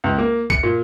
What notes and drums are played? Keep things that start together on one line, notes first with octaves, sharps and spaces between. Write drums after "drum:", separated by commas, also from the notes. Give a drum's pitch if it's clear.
C#2
A#3
C#7, drum: kick
A#2